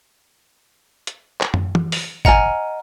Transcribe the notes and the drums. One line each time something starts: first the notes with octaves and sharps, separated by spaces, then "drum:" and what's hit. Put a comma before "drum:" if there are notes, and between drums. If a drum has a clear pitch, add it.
drum: hi-hat
drum: clap
drum: tom
drum: tom E3
drum: open hi-hat
D#5 F#5 G#5 A#5 F6, drum: kick